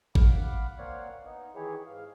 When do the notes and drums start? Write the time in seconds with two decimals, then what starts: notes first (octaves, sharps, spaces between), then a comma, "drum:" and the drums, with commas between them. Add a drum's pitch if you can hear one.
0.15 F5 F#5 B5 D6, drum: kick G#1
0.78 A#3 C4 C#5 D5 F5 F#5
1.25 B3 D#4
1.55 D#3 E3 E4 G4 G#4 C#5
1.87 G#2 F5